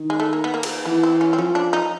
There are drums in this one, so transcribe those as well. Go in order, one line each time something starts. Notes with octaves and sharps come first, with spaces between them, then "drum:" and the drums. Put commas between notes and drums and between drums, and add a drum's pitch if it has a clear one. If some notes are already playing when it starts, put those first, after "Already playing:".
Already playing: D#3
G#3
A3
A#3
B3
A#3
drum: cymbal
E3 B3
C4
C#4
C4
F3 C#4
D4
D#4